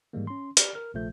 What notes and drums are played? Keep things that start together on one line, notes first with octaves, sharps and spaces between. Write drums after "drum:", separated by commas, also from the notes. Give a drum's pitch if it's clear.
G#2 D#3 E3 G3 G#3 A#3
C#4 C6
G4 D5 F6, drum: hi-hat
A#4 F6
A#1 C3 F3 A3 G6